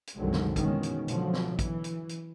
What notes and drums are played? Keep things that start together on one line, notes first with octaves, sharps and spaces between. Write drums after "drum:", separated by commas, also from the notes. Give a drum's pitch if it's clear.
drum: hi-hat
F#1 C2 D3 D#3 F#3 G#3
drum: snare
B2 D#3 E3 G#3 C#4, drum: kick, hi-hat
drum: hi-hat
B2 D3 F3 F#3, drum: hi-hat
drum: snare
E3, drum: kick, hi-hat
drum: hi-hat
drum: hi-hat